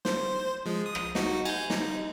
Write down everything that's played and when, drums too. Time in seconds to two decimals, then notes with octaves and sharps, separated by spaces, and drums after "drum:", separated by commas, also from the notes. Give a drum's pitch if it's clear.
0.05 C5, drum: snare
0.66 F3 G#3
0.86 D#6
0.95 drum: rim click
1.15 D#4 F#4, drum: snare
1.45 G#5 G6, drum: cymbal
1.70 D#4, drum: snare